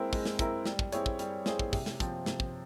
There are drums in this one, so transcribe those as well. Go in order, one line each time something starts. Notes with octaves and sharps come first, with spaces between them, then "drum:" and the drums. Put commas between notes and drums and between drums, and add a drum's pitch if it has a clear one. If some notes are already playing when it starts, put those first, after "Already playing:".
Already playing: G#3 C4 E4 A#4
G#3, drum: kick, open hi-hat
drum: snare
C4 E4 A#4, drum: kick, hi-hat
G3, drum: snare
drum: kick
C4 E4 G#4 C#5, drum: hi-hat
drum: kick
G3, drum: hi-hat
C4 E4 G#4 C#5, drum: snare
drum: kick
C3, drum: kick, open hi-hat
drum: snare
F3 C4, drum: kick, hi-hat
C3, drum: snare
drum: kick